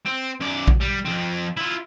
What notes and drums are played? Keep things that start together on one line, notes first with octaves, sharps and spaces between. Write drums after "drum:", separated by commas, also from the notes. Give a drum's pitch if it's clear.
C4
F#2 D5
drum: kick A#1
G3
F2 C4
E4 F4